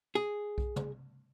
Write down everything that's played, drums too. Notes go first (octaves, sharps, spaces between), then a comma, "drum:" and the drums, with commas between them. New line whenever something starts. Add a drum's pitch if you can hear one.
G#4
drum: kick B1
drum: tom